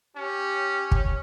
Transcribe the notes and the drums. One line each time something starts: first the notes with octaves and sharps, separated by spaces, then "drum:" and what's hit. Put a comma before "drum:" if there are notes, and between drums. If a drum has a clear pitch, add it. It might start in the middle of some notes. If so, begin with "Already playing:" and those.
C#4 G4
drum: kick